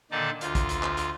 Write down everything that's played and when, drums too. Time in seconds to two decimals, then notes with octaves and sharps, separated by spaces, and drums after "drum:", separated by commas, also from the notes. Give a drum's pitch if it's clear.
0.11 A#2 D3 D#3 D#4 D5 A5
0.41 D2 F4, drum: hi-hat
0.55 drum: kick A#1, hi-hat
0.69 drum: hi-hat
0.83 drum: clap
0.97 drum: hi-hat